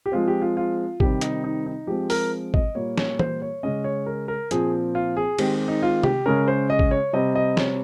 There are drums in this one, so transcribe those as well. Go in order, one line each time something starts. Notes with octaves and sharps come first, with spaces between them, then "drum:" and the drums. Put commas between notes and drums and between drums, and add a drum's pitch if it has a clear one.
G4
F3 G#3 C4 F4
G4
F4
F4
C3 D#3 G3 C4 G4, drum: kick
D#4, drum: hi-hat
D#4
D#4
F3 G#3 C4 G4
A#4, drum: open hi-hat
D#5, drum: kick
A#2 G3 A#3 C#5
C#5, drum: snare
C5, drum: tom
C#5
C#3 G#3 C#4 D#5
C#5
A#4
A#4
A#2 F3 C4 G#4, drum: hi-hat
F4
G#4
D#3 G#3 C4 G4, drum: cymbal
D#4
F4
G4, drum: tom C3
C#3 G#3 C#4 A#4
C5
D#5
drum: kick
C#5
C3 G3 C4 D#5
D#5
C#5, drum: snare